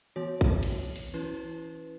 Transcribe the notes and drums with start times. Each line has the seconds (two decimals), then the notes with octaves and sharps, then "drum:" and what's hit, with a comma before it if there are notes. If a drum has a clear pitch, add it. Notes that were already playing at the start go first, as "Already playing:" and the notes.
0.16 E3 B3 F#4 C#5
0.41 drum: kick A#1
0.63 drum: cymbal
0.96 drum: open hi-hat
1.14 E3 C#4 E4 B4